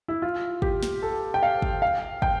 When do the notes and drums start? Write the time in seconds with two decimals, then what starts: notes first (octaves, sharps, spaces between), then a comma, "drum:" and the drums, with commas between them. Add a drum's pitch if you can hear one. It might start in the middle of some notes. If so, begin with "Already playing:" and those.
0.08 E4
0.22 F4
0.62 G4, drum: kick
0.83 drum: snare
1.02 A4
1.34 G5
1.43 F5
1.62 drum: kick
1.82 F5
2.22 G5, drum: kick